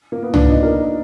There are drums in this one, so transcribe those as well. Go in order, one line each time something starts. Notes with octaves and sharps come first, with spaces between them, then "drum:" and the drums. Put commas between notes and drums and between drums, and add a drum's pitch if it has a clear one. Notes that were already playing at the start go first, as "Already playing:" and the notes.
A#3
B3
D4, drum: tom C2
D#4
A#4